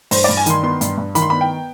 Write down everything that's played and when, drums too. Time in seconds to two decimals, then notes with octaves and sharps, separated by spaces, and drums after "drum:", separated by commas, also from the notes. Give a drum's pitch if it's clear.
0.11 G2 C5, drum: open hi-hat
0.24 G2 D5
0.37 G#5
0.46 D#3 C6, drum: hi-hat
0.63 B3 C6
0.81 G2, drum: hi-hat
0.98 G2
1.15 D#3 B5, drum: hi-hat
1.22 C6
1.30 B3 B5
1.41 G5